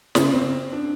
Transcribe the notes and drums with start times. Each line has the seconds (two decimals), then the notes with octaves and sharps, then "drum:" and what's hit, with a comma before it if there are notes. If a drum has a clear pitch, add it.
0.15 C#3, drum: snare
0.32 C4
0.72 D4